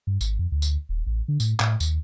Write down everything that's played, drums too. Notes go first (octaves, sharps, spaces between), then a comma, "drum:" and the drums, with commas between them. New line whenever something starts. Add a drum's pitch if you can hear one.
G2
G#1, drum: tambourine
F2
D2
drum: tambourine
D#1
A1
D3
A2, drum: tambourine
A2, drum: clap
D#2, drum: tambourine